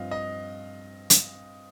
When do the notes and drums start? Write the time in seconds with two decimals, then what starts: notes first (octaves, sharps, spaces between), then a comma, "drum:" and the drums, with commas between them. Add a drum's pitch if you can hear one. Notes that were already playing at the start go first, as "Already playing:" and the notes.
Already playing: G2 F3 C4 D#5 F5
0.11 D#5
1.10 drum: hi-hat